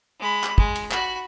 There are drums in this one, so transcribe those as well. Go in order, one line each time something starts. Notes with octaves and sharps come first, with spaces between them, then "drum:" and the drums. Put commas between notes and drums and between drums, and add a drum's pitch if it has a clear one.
G#3 B5
drum: clap
G#3, drum: kick
drum: cymbal
F#4 B5, drum: clap